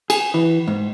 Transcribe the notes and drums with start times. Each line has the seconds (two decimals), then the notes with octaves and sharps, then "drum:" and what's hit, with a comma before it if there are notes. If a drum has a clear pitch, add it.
0.10 G#4, drum: cymbal
0.34 E3
0.68 G#2